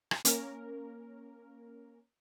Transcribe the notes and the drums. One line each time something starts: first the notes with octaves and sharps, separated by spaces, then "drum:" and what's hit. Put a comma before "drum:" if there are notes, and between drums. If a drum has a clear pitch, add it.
drum: rim click
A#3 C#4 A#4, drum: hi-hat